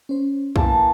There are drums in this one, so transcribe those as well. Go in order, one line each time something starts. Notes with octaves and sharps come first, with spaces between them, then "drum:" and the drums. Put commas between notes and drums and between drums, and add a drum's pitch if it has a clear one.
C#4 C5
A#1 E3 A#3 A5, drum: kick